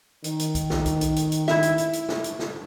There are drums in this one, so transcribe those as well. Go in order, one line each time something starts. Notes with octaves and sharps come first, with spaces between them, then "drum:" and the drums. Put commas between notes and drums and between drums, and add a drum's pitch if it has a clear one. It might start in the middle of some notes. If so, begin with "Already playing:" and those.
D#3, drum: hi-hat
drum: hi-hat
drum: kick B1, hi-hat
drum: snare
drum: kick B1, hi-hat
drum: hi-hat
drum: hi-hat
drum: hi-hat
E4 E5, drum: snare
drum: hi-hat
drum: hi-hat
drum: hi-hat
drum: snare
drum: hi-hat
drum: snare